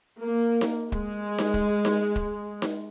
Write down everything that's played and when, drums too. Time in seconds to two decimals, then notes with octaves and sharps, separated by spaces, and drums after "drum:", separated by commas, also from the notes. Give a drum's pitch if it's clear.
0.22 A#3
0.61 drum: snare D#4
0.92 G#3, drum: kick
1.38 drum: snare D#4
1.54 drum: kick
1.85 drum: snare D#4
2.16 drum: kick
2.62 drum: snare D#4